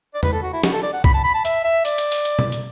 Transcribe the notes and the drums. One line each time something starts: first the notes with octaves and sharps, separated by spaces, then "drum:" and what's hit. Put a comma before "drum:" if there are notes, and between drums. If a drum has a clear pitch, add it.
D5
B4, drum: tom E2
A4
F#4
E4
F#4, drum: snare
A4
D5
F#5
B5, drum: kick
A5
B5
A5
E5, drum: hi-hat
E5
D5, drum: hi-hat
drum: hi-hat
drum: open hi-hat
drum: hi-hat
drum: tom B2
drum: hi-hat